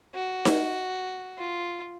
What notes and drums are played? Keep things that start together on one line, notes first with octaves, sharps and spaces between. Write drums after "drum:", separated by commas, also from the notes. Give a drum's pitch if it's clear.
F#4
drum: snare D#4
F4